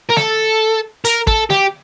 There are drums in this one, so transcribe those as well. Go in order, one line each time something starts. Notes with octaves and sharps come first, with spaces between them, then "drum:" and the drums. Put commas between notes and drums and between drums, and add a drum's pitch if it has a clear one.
A#4
A4, drum: snare
A#4, drum: hi-hat
A4, drum: kick
G4, drum: snare